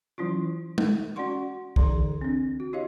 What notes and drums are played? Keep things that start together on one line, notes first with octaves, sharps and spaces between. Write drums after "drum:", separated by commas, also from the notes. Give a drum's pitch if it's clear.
E3 F#3 C#4 E4 F4
drum: tom
C#4 F#4 D5 F#5 C6 C#6
D3 E3 D#4 G#4 D5 C6, drum: kick
C4 D4
F#4
E4 G4 C#5 D#5 F5